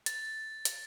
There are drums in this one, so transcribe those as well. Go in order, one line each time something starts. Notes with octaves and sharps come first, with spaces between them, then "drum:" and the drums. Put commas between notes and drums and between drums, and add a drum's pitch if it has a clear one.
A6, drum: hi-hat
drum: hi-hat